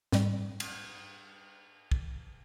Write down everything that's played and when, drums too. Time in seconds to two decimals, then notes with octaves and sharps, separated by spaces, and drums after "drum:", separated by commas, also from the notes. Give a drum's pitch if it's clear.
0.12 G#2 G3, drum: snare
0.60 drum: cymbal
1.92 drum: kick